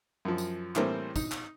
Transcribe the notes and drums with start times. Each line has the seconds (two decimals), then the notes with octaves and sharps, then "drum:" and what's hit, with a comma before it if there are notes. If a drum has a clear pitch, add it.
0.25 F#2 F3
0.38 drum: tambourine
0.76 A2 E3 G3 A3 A#3 C4, drum: clap
1.16 D#4, drum: kick, tambourine
1.31 drum: clap